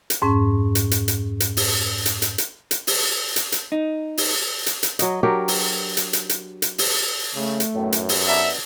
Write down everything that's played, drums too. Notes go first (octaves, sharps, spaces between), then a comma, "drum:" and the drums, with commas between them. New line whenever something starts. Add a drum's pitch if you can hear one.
drum: hi-hat
F2 G#2 C#4
drum: hi-hat
drum: hi-hat
drum: hi-hat
drum: hi-hat
drum: open hi-hat
drum: hi-hat
drum: hi-hat
drum: hi-hat
drum: hi-hat
drum: open hi-hat
drum: hi-hat
drum: hi-hat
D#4
drum: open hi-hat
drum: hi-hat
drum: hi-hat
F#3 D#5, drum: hi-hat
F#3 D4 G4 A#4
drum: open hi-hat
drum: hi-hat
drum: hi-hat
drum: hi-hat
drum: hi-hat
drum: open hi-hat
C#3 A3
drum: hi-hat
B1 F#2 A2
drum: hi-hat
drum: open hi-hat
B3 D4 D#4 E5